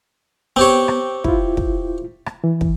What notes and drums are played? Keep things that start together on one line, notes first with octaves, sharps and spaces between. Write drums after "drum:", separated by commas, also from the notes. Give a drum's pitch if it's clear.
B3 C4 G4 C#5
drum: rim click
E4 F4, drum: kick
drum: kick
drum: rim click
E3
drum: kick